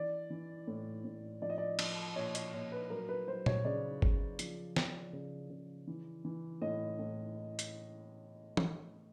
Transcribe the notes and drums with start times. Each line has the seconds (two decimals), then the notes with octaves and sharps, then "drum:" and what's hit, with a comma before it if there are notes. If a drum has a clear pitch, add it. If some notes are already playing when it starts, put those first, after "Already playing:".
Already playing: E3 D5
0.30 E3
0.67 A2
1.05 A2
1.42 F3 D5
1.50 D#5
1.58 D5
1.79 F3, drum: cymbal
2.16 A#2 C#5
2.35 C#5, drum: hi-hat
2.54 A#2 C#5
2.72 B4
2.90 F#3 A#4
3.09 B4
3.27 F#3 C5
3.46 C#5, drum: tom A#2
3.65 C#3 D5
4.02 C#3, drum: kick
4.39 F3, drum: hi-hat
4.76 F3, drum: snare
5.13 C#3
5.50 C#3
5.88 E3
6.25 E3
6.62 A2 D#5
6.99 A2
7.59 drum: hi-hat
8.57 drum: tom E3